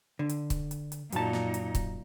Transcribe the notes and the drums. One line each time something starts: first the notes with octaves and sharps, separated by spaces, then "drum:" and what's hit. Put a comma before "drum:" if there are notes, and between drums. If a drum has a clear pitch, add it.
D3
drum: hi-hat
drum: kick, hi-hat
drum: hi-hat
drum: hi-hat
F#2 A#2 D#4 A5, drum: hi-hat
drum: snare
drum: hi-hat
drum: kick, hi-hat